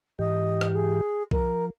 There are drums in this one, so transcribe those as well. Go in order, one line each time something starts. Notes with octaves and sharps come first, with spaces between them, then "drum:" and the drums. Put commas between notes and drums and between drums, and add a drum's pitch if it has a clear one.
G#2 E3 G4 D#5
drum: rim click
G#4
F3 A#4, drum: kick B1